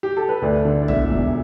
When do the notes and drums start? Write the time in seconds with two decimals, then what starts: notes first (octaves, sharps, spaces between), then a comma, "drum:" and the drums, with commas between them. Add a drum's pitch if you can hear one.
0.03 G4
0.17 A4
0.29 B4
0.42 D2 D5
0.65 D3
0.82 D5
0.88 E1 E5, drum: tom
1.11 E1